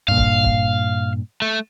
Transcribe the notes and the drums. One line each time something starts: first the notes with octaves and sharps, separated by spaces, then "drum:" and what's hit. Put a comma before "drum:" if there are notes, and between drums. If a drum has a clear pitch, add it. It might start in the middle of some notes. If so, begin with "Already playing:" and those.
G2 A#2 F5
drum: kick
drum: kick
A3